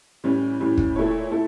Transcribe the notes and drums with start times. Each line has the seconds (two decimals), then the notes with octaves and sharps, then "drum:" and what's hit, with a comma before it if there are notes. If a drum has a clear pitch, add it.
0.24 A2 E3 G3 C#4
0.60 A2 E3 G3 C#4
0.77 drum: kick
0.96 A#2 A3 E4 A4 C#5
1.30 A#2 A3 E4 A4